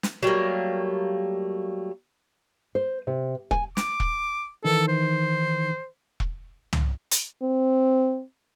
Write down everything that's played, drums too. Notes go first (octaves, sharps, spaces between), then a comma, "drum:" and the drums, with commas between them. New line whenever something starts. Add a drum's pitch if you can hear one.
drum: snare
F#3 G3 A3 A#3
C5
C3
G#5, drum: kick E1
D6, drum: snare
drum: kick E1
D#3 E3 D#4 A4
C5
drum: kick E1
drum: tom
drum: hi-hat
C4